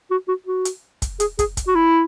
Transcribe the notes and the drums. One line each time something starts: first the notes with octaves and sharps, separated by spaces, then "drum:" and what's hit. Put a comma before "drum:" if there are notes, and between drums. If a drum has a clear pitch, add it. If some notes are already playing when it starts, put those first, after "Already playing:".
F#4
F#4
F#4
drum: hi-hat
drum: kick, hi-hat
G#4, drum: hi-hat
G#4, drum: kick, hi-hat
drum: kick, hi-hat
F#4
E4